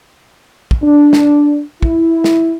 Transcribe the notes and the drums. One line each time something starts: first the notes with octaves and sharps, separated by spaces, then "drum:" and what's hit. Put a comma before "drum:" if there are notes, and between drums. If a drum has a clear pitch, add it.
drum: kick
D4
drum: snare
E4, drum: kick
drum: snare